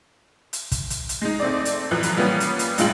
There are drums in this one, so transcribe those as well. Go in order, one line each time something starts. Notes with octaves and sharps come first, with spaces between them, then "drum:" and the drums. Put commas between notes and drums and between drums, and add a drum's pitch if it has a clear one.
drum: hi-hat
drum: kick, hi-hat
drum: hi-hat
drum: hi-hat
G#3 D#4
A3 C4 D5
drum: hi-hat
F#2 A2 E3 F3
drum: hi-hat
F3 G3 A#3 B3 C#4
drum: hi-hat
drum: hi-hat
A#1 G2 G#3 F4 G5 F#7, drum: hi-hat